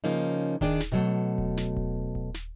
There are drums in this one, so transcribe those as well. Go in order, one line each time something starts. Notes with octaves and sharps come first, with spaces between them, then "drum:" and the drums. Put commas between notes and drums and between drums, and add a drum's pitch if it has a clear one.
C#3 F3 A#3 C#4 D#4
D#3 D4 G#4 D5, drum: kick D#1
drum: snare
B2 F#3 A3
drum: kick D#1
drum: snare
drum: kick D#1
drum: kick D#1
drum: snare